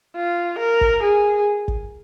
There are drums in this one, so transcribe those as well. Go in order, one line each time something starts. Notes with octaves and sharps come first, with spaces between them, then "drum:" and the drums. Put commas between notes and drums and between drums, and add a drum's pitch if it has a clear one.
F4
A#4
drum: kick
G#4
drum: kick